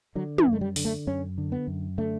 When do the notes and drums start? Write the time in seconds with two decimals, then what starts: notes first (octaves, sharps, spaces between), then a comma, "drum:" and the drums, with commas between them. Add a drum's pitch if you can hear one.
0.15 D3 F#3
0.38 E3, drum: tom
0.47 F#2
0.53 A3
0.61 G3
0.76 D3, drum: open hi-hat
0.85 A3
1.07 F#2 C#4
1.38 D3
1.52 B3
1.67 F#2
1.98 D3 A3